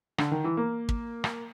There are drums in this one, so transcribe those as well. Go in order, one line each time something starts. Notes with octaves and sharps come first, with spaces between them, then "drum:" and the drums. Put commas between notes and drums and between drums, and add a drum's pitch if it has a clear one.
D3, drum: rim click
D#3
E3
A#3
drum: kick
drum: rim click